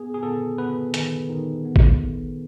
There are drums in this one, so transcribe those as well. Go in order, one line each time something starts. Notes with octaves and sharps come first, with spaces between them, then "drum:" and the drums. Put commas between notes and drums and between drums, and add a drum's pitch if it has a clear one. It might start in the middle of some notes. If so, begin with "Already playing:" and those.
Already playing: B3 G#4
G#4
B3 A4
B3 B4
D#3, drum: hi-hat
D#3
B3
drum: kick G#1